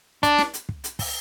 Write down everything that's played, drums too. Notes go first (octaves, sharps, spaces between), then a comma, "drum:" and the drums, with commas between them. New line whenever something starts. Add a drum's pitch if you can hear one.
D4, drum: kick, hi-hat
drum: snare
drum: hi-hat
drum: kick
drum: hi-hat
drum: kick, open hi-hat